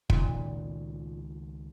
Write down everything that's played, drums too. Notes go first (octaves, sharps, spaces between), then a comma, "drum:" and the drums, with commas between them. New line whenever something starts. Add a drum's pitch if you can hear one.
C#2 A#2 D#3, drum: kick